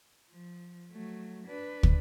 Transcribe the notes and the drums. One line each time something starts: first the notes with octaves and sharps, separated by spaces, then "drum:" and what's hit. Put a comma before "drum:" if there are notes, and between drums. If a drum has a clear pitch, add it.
F3
F#3 A3
D4 B4
drum: kick